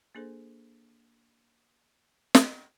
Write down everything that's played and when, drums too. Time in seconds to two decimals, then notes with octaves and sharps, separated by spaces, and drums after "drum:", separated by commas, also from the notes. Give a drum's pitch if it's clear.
0.15 A#3 D4 G#4 A4 C5
2.35 drum: snare